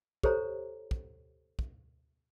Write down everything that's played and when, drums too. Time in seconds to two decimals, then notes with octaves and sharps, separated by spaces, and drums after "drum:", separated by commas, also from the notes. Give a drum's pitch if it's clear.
0.23 G4 A4 C5 C#5 A#5, drum: kick
0.91 drum: kick
1.59 drum: kick